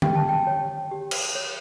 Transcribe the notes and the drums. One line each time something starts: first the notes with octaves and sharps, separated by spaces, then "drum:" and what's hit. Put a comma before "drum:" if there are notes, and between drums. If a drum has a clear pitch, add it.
G4 G5, drum: tom D3
A5
G5
C#5
G4
drum: cymbal
C#5